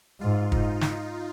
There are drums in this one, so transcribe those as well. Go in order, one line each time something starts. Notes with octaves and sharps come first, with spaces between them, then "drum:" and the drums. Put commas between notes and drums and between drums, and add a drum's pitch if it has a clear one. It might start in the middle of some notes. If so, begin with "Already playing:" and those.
G#2 F4
D#4, drum: kick
D#4, drum: snare